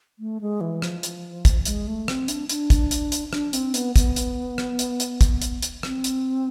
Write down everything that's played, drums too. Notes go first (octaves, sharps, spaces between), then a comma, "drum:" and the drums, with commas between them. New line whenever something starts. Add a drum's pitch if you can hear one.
A3
G#3
E3
F3, drum: rim click
drum: hi-hat
drum: kick, hi-hat
G#3, drum: hi-hat
A3
C4, drum: rim click
D4, drum: hi-hat
D4, drum: hi-hat
drum: kick, hi-hat
drum: hi-hat
drum: hi-hat
D4, drum: rim click
C4, drum: hi-hat
B3, drum: hi-hat
B3, drum: kick, hi-hat
drum: hi-hat
drum: rim click
drum: hi-hat
drum: hi-hat
drum: kick, hi-hat
drum: hi-hat
drum: hi-hat
C4, drum: rim click
drum: hi-hat